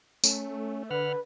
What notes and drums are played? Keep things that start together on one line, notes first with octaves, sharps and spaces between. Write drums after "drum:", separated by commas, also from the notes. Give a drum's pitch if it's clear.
A3 C#4, drum: tambourine
D3 B4 F#5 B5 F6